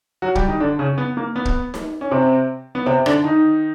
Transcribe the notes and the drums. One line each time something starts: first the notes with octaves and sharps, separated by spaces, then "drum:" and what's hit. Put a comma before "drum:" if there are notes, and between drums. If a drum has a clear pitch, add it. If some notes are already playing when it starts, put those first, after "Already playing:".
F#3 F#4
G3 G4, drum: kick
D#3 D#4
D3 D4
C#3 C#4
B3
A#3
B3
drum: kick
drum: snare D#4
C#4
C3 C4
B3
C3 C4
D3 D4, drum: rim click
D#3 D#4